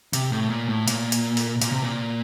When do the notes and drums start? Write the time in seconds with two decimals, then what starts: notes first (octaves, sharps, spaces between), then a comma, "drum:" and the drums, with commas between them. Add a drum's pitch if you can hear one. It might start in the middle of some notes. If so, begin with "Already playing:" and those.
0.13 C3, drum: hi-hat
0.32 A2
0.50 A#2
0.69 A2
0.88 A#2, drum: hi-hat
1.12 drum: hi-hat
1.37 drum: open hi-hat
1.62 A#2, drum: hi-hat
1.72 C3
1.83 A#2